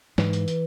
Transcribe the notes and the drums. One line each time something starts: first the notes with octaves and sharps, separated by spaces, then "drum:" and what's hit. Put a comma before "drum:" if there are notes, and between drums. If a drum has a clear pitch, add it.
G#2 E3, drum: snare
drum: hi-hat
drum: hi-hat